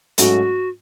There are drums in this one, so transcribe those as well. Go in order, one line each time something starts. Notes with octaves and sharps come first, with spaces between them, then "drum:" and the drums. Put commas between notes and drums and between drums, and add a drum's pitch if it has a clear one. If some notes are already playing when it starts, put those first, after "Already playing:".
G#2 F#3 A3 C#4 F#4, drum: hi-hat